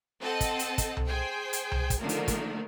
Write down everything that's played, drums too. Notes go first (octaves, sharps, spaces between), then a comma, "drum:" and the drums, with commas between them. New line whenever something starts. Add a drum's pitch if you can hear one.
C4 A4 D#5 F#5 A5
drum: kick, hi-hat
drum: hi-hat
drum: kick, hi-hat
drum: tom C2
G#4 C5 G5 G#5
drum: hi-hat
drum: tom C2
drum: kick, hi-hat
D3 D#3 F3 A3 A#3 A#4
drum: hi-hat
drum: kick, hi-hat